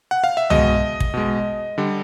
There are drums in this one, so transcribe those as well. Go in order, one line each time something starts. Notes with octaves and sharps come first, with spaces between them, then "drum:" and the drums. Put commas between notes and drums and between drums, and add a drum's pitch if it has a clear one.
F#5
F5
E5
B2 G#3 D#5, drum: tom
drum: kick
B2 G#3
D3 G3